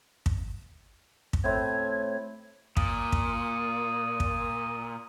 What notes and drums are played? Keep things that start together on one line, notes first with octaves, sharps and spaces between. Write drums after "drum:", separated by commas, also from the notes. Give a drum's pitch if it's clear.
drum: kick
drum: kick
A2 C4 G#6
A#2 D#6, drum: kick
drum: kick
drum: kick